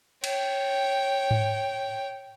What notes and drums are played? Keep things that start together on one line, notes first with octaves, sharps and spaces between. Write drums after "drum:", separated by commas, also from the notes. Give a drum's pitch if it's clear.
C#5 G5, drum: cymbal
drum: tom G#2